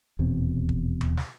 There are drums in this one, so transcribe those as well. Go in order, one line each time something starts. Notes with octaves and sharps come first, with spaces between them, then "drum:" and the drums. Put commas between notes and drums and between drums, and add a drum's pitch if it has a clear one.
D#1 E2 B2 C4
drum: kick
drum: tom D#2
drum: snare